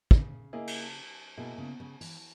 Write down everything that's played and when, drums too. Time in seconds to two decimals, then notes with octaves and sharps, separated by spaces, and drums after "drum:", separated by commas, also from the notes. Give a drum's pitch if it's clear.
0.11 C#3, drum: kick
0.53 A#3 E4 G#4 D#5
0.67 drum: cymbal
1.37 B2 A#3 E4 G#4 D#5
1.58 C#3
1.80 C#3
2.01 E3, drum: open hi-hat